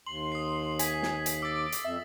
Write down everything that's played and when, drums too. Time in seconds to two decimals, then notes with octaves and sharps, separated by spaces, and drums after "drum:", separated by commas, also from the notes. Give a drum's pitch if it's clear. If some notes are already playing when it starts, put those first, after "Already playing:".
0.07 D#2 C6 F#7
0.32 D#6 C7
0.79 G#5 B6, drum: hi-hat
1.03 drum: snare
1.26 drum: hi-hat
1.42 D6 E6 A6
1.72 drum: hi-hat
1.85 F2 E5